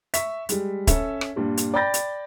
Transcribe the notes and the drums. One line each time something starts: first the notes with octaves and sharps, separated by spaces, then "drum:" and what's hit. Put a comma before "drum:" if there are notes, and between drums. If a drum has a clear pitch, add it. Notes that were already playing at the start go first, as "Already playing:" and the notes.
E5 C#6 B6, drum: hi-hat
G3 G#3, drum: hi-hat
C#4 A4 E5, drum: kick, hi-hat
drum: rim click
G2 A#2 G3
drum: hi-hat
D5 G5 B5 G6 A6 A#6
drum: hi-hat